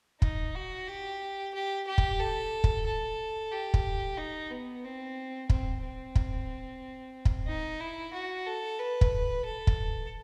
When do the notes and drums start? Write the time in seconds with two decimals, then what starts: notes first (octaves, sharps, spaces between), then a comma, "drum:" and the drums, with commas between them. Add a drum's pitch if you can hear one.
0.22 D#4, drum: kick
0.55 F#4
0.88 G4
1.54 G4
1.87 G4
1.98 drum: kick
2.20 A4
2.64 drum: kick
2.86 A4
3.51 G4
3.74 drum: kick
4.18 D#4
4.50 B3
4.84 C4
5.50 C4, drum: kick
5.82 C4
6.16 drum: kick
7.25 drum: kick
7.47 D#4
7.80 E4
8.13 F#4
8.46 A4
8.79 B4
9.01 drum: kick
9.45 A4
9.67 drum: kick